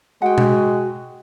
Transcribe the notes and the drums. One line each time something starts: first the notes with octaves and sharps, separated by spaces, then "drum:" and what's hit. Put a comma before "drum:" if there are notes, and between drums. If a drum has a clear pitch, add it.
G#3 F#4 F#5 G5
drum: tom B2